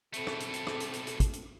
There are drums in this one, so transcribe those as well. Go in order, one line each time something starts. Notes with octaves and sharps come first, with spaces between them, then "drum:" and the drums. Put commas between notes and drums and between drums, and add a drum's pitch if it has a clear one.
B2 A3 C4 A4, drum: hi-hat
drum: rim click
drum: hi-hat
drum: hi-hat
drum: rim click
drum: hi-hat
drum: hi-hat
drum: hi-hat
drum: kick, hi-hat
drum: hi-hat